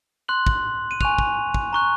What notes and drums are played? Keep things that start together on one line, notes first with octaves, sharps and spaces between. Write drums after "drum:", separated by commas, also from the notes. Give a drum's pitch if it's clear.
C6 F#6 F#7
drum: kick
D#7
G#5 C#6 F#6 F7, drum: kick
drum: kick
drum: kick
A#5 C#6 F#6